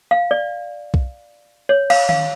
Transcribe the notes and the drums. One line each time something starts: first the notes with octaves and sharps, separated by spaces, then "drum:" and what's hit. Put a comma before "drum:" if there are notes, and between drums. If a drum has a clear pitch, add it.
F5
D5
drum: kick B1
C#5
F5, drum: cymbal
F5, drum: tom D#3